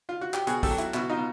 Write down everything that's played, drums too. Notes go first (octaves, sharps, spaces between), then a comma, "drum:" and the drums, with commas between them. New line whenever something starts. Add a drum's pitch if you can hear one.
F4
F#4
G4, drum: clap
B2 F#4 G#4, drum: hi-hat
G4 A4, drum: kick, open hi-hat
F#3
E4 F#4, drum: hi-hat
B2 E4 F#4, drum: clap
D#4 F4
B2